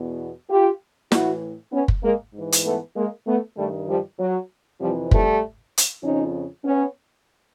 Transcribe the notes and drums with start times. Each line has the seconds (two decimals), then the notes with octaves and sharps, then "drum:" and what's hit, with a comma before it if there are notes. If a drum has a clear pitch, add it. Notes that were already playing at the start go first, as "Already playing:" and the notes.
Already playing: E2 B2
0.50 F4 G4
1.12 A2 E3 E4 F#4, drum: snare
1.73 B3 C#4
1.88 drum: kick
2.04 G#3 A#3
2.34 G#2 E3
2.52 drum: hi-hat
2.65 A3 B3
2.96 G#3 A#3
3.27 A3 B3
3.57 G2 D#3 G3 A3
3.88 F3 G3
4.19 F#3
4.80 F2 C3 E3 F3 G3
5.11 G3 A3, drum: kick
5.78 drum: hi-hat
6.03 F2 C#3 F3 C#4 D#4
6.65 B3 C#4